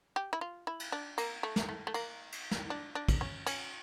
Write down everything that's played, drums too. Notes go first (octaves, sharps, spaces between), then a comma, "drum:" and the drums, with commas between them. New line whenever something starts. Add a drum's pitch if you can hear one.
G4
E4
F4
E4
drum: cymbal
D4
A#3, drum: cymbal
A3
drum: snare
A3
A3
A#3, drum: cymbal
drum: cymbal
drum: snare
D4
D4
drum: kick, cymbal
C#4
C#4, drum: cymbal